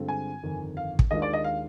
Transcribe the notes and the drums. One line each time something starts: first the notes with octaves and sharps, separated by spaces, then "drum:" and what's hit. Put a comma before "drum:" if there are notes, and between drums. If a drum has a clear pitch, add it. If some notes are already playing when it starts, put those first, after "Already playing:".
Already playing: G2 D3 G#3 C4 F4
G#5
G1 F2 D#3
F5
drum: kick
D#2 D#3 G#3 D4 F4 D#5
D5
D#5
F5